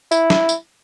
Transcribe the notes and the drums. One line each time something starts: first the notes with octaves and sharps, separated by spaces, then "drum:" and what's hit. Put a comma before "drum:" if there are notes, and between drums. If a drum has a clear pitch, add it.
E4, drum: tambourine
drum: snare
drum: tambourine